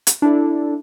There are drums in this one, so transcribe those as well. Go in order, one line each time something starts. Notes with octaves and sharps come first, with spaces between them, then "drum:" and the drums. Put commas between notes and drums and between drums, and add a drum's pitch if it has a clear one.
drum: hi-hat
D4 E4 A4